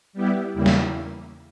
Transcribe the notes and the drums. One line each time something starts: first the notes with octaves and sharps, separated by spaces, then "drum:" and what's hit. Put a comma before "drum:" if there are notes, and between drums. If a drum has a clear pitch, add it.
G3 B3 E4 G4
E2 C#3 G3 A#3 E4
drum: snare